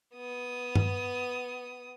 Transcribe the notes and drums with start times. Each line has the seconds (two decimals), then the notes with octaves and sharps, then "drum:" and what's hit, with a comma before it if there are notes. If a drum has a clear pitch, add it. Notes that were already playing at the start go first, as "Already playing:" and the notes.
0.15 B3 D#6
0.75 drum: tom G2